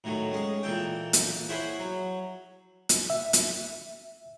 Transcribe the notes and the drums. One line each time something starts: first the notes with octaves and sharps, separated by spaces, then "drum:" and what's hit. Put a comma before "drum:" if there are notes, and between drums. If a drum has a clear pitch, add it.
A2 D#3 F#3
G#3 C#4 G#4
A#2 E3 A4 G5
drum: hi-hat
E4 G#4 C5 C#5 F#5 B5
F#3
drum: hi-hat
E5
drum: hi-hat